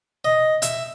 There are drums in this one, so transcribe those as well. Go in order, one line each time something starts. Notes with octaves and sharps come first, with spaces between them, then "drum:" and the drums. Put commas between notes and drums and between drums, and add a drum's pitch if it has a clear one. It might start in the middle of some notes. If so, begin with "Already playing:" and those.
D#5
E5, drum: hi-hat